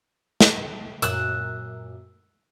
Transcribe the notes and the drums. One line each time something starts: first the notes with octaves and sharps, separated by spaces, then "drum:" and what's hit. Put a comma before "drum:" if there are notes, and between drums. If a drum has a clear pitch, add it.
drum: snare
F#2 A#2 E6 F#6, drum: hi-hat